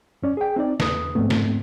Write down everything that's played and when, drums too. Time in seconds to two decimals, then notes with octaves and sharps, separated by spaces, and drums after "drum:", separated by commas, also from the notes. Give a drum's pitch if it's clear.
0.23 F#2 C#4 D5
0.37 G#4 G5
0.56 C4 D#4 D5
0.80 E2 B4 D#6, drum: snare
1.15 F2 G#2 A3 B3 C4
1.30 drum: snare